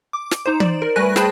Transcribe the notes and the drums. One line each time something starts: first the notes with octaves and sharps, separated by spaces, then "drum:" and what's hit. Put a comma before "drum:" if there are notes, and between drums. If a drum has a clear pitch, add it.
D6
drum: snare
D#4 C5
D5, drum: tom
A#4
G3 A3 B4 G#5 F#6 A#6
G#4 C5 G5 A5 B5, drum: snare